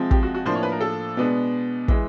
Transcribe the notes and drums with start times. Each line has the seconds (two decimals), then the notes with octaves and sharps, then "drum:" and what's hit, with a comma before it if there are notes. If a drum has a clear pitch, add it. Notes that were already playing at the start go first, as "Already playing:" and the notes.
Already playing: C3 F3 G#3 C4
0.11 G4, drum: kick
0.23 F#4
0.35 F#4
0.45 A2 F3 A#3 D4 C5
0.55 C#5
0.63 B4
0.72 A#4
0.81 A4
1.17 B2 G#3 B3 D4
1.88 E3 G#3, drum: kick